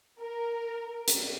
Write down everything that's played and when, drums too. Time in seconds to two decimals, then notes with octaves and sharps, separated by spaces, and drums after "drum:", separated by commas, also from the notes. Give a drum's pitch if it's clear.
0.20 A#4
1.08 drum: hi-hat